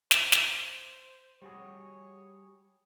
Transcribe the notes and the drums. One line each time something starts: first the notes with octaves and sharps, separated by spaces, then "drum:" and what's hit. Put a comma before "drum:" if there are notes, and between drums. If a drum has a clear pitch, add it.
C5, drum: snare
drum: snare
G3 F#4 G#4 C#5